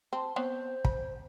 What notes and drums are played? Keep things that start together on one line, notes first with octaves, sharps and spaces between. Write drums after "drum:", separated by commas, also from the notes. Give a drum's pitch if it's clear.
C4 A5
B3 C4 C5 C#5
B5, drum: kick